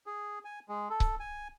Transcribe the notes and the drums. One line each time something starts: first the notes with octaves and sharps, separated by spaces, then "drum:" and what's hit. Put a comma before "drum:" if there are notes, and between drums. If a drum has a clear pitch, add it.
G#4
G#5
G#3
A4
drum: kick C#1
G#5